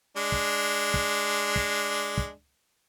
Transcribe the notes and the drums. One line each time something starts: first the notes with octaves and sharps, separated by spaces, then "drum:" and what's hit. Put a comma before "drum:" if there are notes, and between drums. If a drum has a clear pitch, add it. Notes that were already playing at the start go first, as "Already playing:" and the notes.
G#3 D4
drum: kick
drum: kick
drum: kick
drum: kick